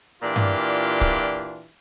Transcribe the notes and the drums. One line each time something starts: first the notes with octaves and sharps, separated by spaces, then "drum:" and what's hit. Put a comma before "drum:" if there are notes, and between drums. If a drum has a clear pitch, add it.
A#2 E3 D4 F4 G4
drum: tom G2
drum: kick C#1